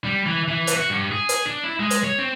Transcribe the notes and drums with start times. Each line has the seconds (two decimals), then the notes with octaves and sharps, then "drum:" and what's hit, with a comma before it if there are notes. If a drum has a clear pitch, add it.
0.05 G3
0.26 E3
0.48 E3
0.67 drum: hi-hat
0.77 F#4
0.90 G2
1.12 G#4
1.29 drum: hi-hat
1.46 D4
1.63 E4
1.80 G#3
1.90 drum: hi-hat
2.04 C#5
2.19 C4